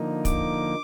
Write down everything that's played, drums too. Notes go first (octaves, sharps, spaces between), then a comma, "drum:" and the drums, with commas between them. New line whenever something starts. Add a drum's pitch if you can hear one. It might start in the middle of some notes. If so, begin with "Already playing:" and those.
Already playing: D3 F3 A#3 D#4
D6, drum: kick, hi-hat